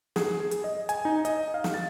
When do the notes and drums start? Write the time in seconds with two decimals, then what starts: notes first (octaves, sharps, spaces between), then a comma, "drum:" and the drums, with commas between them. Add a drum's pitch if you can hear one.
0.16 G#4, drum: snare
0.40 G#4
0.51 drum: hi-hat
0.64 D#5
0.89 G#5, drum: hi-hat
1.05 D#4
1.25 D#5, drum: hi-hat
1.54 F5
1.64 drum: snare
1.74 A6